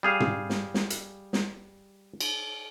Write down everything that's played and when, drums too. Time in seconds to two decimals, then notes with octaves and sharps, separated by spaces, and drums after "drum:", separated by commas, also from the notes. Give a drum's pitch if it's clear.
0.03 G3 G#4 F5
0.20 drum: tom
0.50 drum: snare
0.74 drum: snare
0.90 drum: hi-hat
1.33 drum: snare
2.21 drum: cymbal